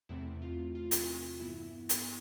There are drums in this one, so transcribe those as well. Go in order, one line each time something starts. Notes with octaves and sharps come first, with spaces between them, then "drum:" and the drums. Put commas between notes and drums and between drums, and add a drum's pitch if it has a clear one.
E2 C3 E3 A3 C4 E4
F4
F4
drum: hi-hat
G2 E3 B3 E4
drum: hi-hat